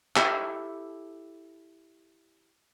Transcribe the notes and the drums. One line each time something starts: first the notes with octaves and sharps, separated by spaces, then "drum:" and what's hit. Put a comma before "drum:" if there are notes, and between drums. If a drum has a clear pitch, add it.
E4 G4 A4 G#5, drum: clap